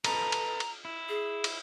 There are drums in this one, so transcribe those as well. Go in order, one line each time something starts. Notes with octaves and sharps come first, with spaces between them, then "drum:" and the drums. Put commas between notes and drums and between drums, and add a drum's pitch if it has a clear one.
A4 B4 D#5 A#5, drum: cymbal
drum: cymbal
drum: cymbal
E4
G#4
drum: cymbal